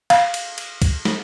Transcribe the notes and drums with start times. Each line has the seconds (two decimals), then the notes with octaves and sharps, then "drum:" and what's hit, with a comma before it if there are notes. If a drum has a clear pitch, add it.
0.10 F5, drum: cymbal
0.34 drum: cymbal
0.58 drum: cymbal
0.82 drum: kick, cymbal
1.05 drum: snare